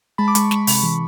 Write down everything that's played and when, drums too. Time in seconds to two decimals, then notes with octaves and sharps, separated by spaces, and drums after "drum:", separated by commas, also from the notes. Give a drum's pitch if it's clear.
0.18 G#3 A5 B5
0.28 D6
0.35 G#3 B5 C#6, drum: hi-hat
0.51 G#3 B5 C#6, drum: snare
0.67 C3 B5 C#6, drum: open hi-hat
0.83 E3